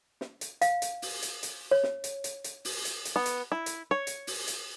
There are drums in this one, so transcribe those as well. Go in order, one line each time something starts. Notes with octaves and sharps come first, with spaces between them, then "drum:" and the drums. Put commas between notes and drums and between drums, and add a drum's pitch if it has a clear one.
drum: snare
drum: hi-hat
F5, drum: hi-hat
drum: hi-hat
drum: open hi-hat
drum: hi-hat
drum: hi-hat
C#5
drum: snare
drum: hi-hat
drum: hi-hat
drum: hi-hat
drum: open hi-hat
drum: hi-hat
drum: hi-hat
B3
drum: hi-hat
E4
drum: hi-hat
C#5
drum: hi-hat
drum: open hi-hat
drum: hi-hat